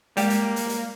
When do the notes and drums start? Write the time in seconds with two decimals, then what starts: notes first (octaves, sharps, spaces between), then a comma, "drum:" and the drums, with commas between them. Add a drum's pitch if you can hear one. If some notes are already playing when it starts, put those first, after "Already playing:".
0.17 G3 G#3 A#3 G4, drum: hi-hat
0.30 drum: hi-hat
0.56 drum: hi-hat
0.69 drum: hi-hat